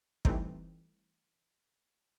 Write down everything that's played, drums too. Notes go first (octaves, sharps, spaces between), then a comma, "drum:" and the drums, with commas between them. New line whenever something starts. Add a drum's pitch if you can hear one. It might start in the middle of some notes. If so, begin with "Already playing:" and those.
E3 G3 A3 C4 D#4, drum: kick